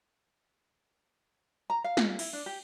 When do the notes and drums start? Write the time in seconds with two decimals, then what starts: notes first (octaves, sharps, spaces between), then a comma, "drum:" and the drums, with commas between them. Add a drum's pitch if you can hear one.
1.70 A#5
1.84 F5
1.97 F4, drum: snare
2.19 E4, drum: cymbal
2.33 D4
2.46 G4